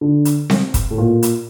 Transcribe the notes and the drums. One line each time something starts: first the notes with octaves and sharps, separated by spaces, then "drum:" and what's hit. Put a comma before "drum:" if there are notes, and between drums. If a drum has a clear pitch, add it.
D3
drum: hi-hat
drum: snare C4
drum: kick, hi-hat
A2
A#2
drum: hi-hat